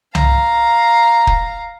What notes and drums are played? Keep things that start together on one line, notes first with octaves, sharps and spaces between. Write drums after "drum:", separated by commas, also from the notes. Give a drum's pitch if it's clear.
F5 A#5, drum: tom C2
drum: kick